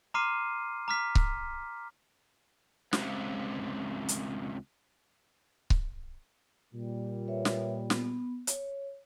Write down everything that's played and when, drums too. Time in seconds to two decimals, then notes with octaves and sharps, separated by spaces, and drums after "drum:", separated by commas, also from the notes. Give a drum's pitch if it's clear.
0.14 A#5 C6 D6 F6 C7 D#7
0.88 A#5 D6 F6 B6
1.15 drum: kick C#1
2.93 C#2 C3, drum: snare
4.09 drum: hi-hat
5.70 drum: kick C#1
6.73 A#2 G3
7.28 B4 C#5 E5
7.45 drum: snare
7.90 B3, drum: snare
8.47 C#5, drum: hi-hat